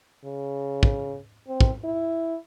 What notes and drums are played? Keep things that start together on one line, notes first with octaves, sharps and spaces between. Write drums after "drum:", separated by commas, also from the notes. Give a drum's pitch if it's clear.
C#3
drum: kick
C4
drum: kick
E4